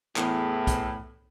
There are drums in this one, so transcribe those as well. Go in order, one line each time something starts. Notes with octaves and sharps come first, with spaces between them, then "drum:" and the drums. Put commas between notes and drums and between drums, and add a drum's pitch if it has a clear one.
E2 A2, drum: clap
drum: kick, hi-hat